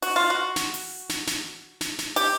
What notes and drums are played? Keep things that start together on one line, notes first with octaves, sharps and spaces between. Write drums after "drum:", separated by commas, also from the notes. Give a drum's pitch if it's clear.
F#4, drum: open hi-hat
F4
F#4
drum: snare
drum: open hi-hat
drum: snare
drum: snare
drum: snare
drum: snare
G4, drum: open hi-hat